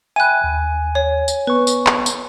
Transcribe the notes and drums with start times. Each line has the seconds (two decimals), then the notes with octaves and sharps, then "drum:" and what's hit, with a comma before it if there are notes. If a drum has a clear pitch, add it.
0.16 E5 G5 G#5 B5 F#6 D#7
0.44 D#2
0.95 C#5
1.28 drum: tambourine
1.47 B3 B4 C#6
1.67 drum: tambourine
1.87 drum: clap
2.06 drum: tambourine